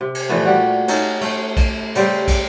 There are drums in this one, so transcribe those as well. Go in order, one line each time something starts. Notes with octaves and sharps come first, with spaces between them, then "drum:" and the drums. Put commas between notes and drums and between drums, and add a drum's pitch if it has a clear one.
C3
drum: cymbal
A#2 E3 F3 A3
G3 F#4
C#4 D#4 A4, drum: cymbal
A3, drum: cymbal
drum: kick, cymbal
C#3 G3 C4, drum: cymbal
drum: kick, cymbal